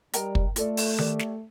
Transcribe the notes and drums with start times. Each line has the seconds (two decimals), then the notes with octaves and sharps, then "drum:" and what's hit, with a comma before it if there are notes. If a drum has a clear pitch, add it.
0.14 G3 A#4 D#5 G5 A#5, drum: hi-hat
0.35 drum: kick
0.56 A3 F4 A4 D5, drum: hi-hat
0.77 drum: open hi-hat
0.98 G4 A#4 D5, drum: tom D#3
1.19 drum: snare